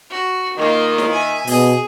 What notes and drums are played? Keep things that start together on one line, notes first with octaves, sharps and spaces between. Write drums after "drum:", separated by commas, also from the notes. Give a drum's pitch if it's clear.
F#4
D#3 A#3 F4
drum: snare
E5 G#5
B2 G#4, drum: open hi-hat